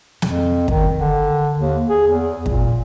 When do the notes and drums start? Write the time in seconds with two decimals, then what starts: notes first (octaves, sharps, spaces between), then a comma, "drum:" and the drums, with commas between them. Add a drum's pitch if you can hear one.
0.22 F2, drum: snare
0.68 D#3, drum: kick
0.97 D3
1.59 D#2
1.88 G#4
2.07 E2
2.46 A#2, drum: kick